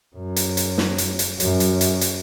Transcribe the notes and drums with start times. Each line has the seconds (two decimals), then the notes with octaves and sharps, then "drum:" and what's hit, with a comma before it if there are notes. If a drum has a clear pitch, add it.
0.16 F#2
0.36 drum: hi-hat
0.57 drum: hi-hat
0.78 drum: snare
0.98 drum: hi-hat
1.19 drum: hi-hat
1.40 F#2, drum: hi-hat
1.60 drum: hi-hat
1.81 drum: hi-hat
2.01 drum: hi-hat